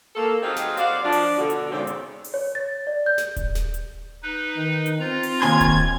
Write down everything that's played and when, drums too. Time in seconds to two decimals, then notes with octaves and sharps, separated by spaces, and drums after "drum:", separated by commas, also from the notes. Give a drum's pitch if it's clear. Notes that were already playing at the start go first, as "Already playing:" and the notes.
0.16 A#3 A4
0.43 F#3 C4 D#4 F4 G4 G#4
0.56 drum: snare
0.77 F#4 C5 D5 F5, drum: hi-hat
1.03 F3 D4 D5
1.12 drum: open hi-hat
1.38 B2 D3 F#4
1.50 drum: hi-hat
1.71 E2 G#2 C#3 C4 D5
1.87 drum: hi-hat
2.24 drum: open hi-hat
2.34 C#5
2.55 A6
2.87 D5
3.06 G6
3.18 drum: snare
3.36 drum: kick D#1, hi-hat
3.55 drum: snare
3.74 drum: hi-hat
4.23 D#4 B4
4.56 D#3
4.86 drum: hi-hat
5.00 C4 F4 A#5
5.23 drum: open hi-hat
5.42 D#2 G#5 C6 G#6
5.60 drum: kick D#1, hi-hat